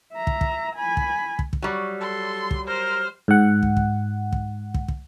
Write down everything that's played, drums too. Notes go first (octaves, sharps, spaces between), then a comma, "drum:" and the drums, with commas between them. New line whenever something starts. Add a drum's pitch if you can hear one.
E5 A#5
drum: kick
drum: kick
G#5 B5
drum: kick
drum: kick
drum: kick
F#3 G3
A4 C6
drum: kick
A#4 C5 F6
G#2 F#5
drum: kick
drum: kick
drum: kick
drum: kick
drum: kick